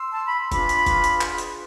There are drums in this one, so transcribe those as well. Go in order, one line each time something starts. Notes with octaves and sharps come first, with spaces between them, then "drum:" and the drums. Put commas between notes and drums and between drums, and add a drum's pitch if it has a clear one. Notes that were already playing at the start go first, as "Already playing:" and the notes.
Already playing: C6 E6
A5
B5
C6
D4 F4 G#4 B4 B5 D6, drum: kick, hi-hat
drum: hi-hat
drum: kick, hi-hat
drum: hi-hat
drum: clap
drum: hi-hat